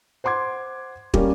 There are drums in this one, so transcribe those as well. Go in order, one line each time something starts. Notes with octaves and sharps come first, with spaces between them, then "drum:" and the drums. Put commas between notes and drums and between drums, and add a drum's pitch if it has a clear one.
C5 F#5 C6 D6 G#6
G3 A#3 C#4, drum: kick